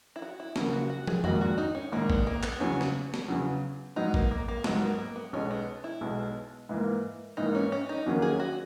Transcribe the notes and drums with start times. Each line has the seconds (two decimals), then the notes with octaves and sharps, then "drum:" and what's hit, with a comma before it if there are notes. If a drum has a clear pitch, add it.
0.16 E4
0.22 F#4
0.40 E4
0.56 D#2 C#3 F#3, drum: snare
0.73 F#4
0.90 F#4
1.07 G#4, drum: tom
1.24 A#1 G#2 D#3 F#4, drum: tom F2
1.41 F#4
1.58 D#4
1.75 C#4
1.92 A#1 G#2 D#3 A#3
2.10 B3, drum: kick A1
2.27 A#3
2.43 B3, drum: clap
2.60 E2 C#3 F#3 C#4
2.81 drum: snare
3.14 drum: snare
3.28 E2 C#3 F#3
3.96 G#2 F#3 B3 D#4
4.14 A#3, drum: kick A1
4.31 A#3
4.48 A#3
4.64 G#2 F#3 G#3 B3, drum: snare
4.82 A#3
4.98 A#3
5.16 B3
5.33 B1 B2 G#3 C#4
5.51 B3
5.84 E4
6.01 B1 B2 G#3
6.69 G#2 E3 A#3
7.37 G#2 E3 A#3 D#4
7.55 C#4
7.72 C#4
7.89 D#4
8.06 E2 D#3 F#3 A#3 C#4
8.22 G#4
8.40 F#4